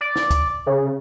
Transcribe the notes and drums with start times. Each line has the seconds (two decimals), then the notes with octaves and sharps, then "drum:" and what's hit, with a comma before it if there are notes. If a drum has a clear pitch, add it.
0.01 D5
0.16 drum: snare
0.31 drum: kick, hi-hat
0.67 C#3